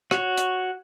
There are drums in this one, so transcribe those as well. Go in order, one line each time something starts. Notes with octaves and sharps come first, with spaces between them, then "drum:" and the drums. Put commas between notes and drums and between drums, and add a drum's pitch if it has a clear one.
F#4 C#5, drum: rim click
drum: hi-hat